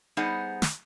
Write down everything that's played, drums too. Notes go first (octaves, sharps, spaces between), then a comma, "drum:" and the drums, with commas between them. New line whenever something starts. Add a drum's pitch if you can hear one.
G3 B3 D#4 G#4 C5 F#5
drum: snare